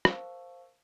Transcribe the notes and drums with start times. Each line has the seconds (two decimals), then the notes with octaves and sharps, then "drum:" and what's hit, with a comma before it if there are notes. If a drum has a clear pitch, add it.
0.05 A#4 C5 F5 A5 C#6 E6, drum: rim click